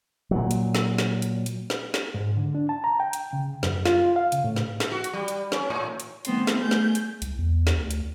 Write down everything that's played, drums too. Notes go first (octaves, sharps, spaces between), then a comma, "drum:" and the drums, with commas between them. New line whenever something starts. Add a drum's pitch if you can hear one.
A#2 F#3
drum: hi-hat
drum: snare
drum: snare
drum: hi-hat
drum: hi-hat
drum: snare
drum: snare
G#2
D3
D4
A5
A#5
G5
drum: hi-hat
C#3
F#2, drum: snare
F4, drum: snare
F5
C#3, drum: hi-hat
A2
drum: snare
drum: snare
F#4
drum: hi-hat
G3
drum: hi-hat
C#4, drum: snare
A2
drum: hi-hat
D#3 G3 A3 B3 C4 C6, drum: hi-hat
drum: snare
A3 G#4 G6
drum: snare
drum: hi-hat
C2, drum: hi-hat
E2
drum: snare
D2
drum: hi-hat